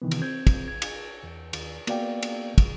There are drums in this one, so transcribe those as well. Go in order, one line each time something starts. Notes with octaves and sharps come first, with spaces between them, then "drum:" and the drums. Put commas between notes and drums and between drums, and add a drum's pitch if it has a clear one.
C3 D#3 E3 B3
drum: cymbal
C4 G6 G#6
drum: kick, cymbal
G#6
drum: cymbal
E2
D#2, drum: cymbal
A#3 B3 F#4 D5 F5 G5, drum: cymbal
drum: cymbal
drum: kick, cymbal